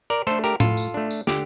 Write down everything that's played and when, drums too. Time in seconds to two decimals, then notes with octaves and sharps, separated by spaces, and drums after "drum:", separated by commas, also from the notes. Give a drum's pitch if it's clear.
0.10 A#4 D5
0.27 A3 D4 A4 C5
0.44 G4 A#4
0.60 A2 F4 A4, drum: tom A2
0.77 drum: tambourine
0.94 A3 D4
1.11 drum: tambourine
1.27 D3 G4, drum: snare